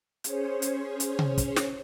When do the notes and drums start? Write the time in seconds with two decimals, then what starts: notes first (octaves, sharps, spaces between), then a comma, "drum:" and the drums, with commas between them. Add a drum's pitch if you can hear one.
0.24 C#4 G#4 C5 C#5, drum: hi-hat
0.62 drum: hi-hat
1.00 drum: hi-hat
1.19 drum: tom C3
1.38 drum: kick, hi-hat
1.56 drum: snare